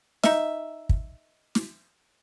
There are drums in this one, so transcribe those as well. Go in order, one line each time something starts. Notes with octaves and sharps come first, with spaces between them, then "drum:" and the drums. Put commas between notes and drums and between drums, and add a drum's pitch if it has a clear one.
D#4 E5, drum: snare
drum: kick
drum: snare